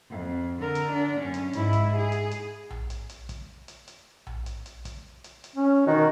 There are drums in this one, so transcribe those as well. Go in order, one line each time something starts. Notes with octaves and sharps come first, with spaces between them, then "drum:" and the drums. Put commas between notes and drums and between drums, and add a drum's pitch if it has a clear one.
F2
D3 A#4
drum: hi-hat
D4
F#2 C#4
drum: hi-hat
G#2 E4, drum: hi-hat
drum: kick, hi-hat
G#4
drum: hi-hat
drum: hi-hat
drum: tom A#1
drum: hi-hat
drum: hi-hat
drum: kick, hi-hat
drum: hi-hat
drum: hi-hat
drum: tom A#1
drum: hi-hat
drum: hi-hat
drum: kick, hi-hat
drum: hi-hat
drum: hi-hat
C#4
B2 D#3 F#4